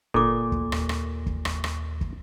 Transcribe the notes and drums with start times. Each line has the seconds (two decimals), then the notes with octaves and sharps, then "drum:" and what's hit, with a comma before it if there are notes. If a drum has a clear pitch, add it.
0.14 G1 A#2 A4 D6
0.52 D2, drum: kick
0.72 D#2, drum: rim click
0.89 drum: rim click
1.26 drum: kick
1.45 drum: rim click
1.64 drum: rim click
2.01 drum: kick